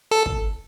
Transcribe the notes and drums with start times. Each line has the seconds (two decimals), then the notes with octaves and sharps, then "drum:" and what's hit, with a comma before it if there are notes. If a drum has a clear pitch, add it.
0.11 A4
0.26 drum: kick